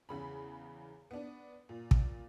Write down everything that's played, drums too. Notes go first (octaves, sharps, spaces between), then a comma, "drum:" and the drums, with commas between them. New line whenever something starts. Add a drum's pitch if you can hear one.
E2 C#3 B5
B3 D4
A#2
drum: kick